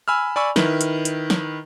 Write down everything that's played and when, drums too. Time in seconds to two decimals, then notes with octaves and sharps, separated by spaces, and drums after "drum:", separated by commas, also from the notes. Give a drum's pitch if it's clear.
0.08 G#5 B5 E6 F6
0.36 D5 G#5 B5 C#6 E6
0.56 D#3 E4 B4, drum: snare
0.81 drum: hi-hat
1.05 drum: hi-hat
1.30 drum: snare